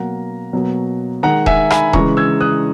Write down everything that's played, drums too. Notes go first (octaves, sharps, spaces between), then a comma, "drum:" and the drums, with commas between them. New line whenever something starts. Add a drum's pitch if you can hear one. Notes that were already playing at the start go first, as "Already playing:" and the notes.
Already playing: B2 F#3 A#3 F#5 A#5
B2 F#3 A#3
D#3 G#3 F#5 A#5
E5 G#5, drum: kick D#1
G#5 B5, drum: rim click
C#3 E3 G#3 A#5 C#6, drum: kick D#1
E6 G#6
D#6 F#6